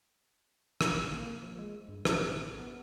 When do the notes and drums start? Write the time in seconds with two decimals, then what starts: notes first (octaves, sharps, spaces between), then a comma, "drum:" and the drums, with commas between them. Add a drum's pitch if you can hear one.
0.81 drum: rim click
0.92 A1
1.11 A#3
1.43 F3
1.59 G#3
1.89 G2
2.05 A1, drum: rim click
2.59 B3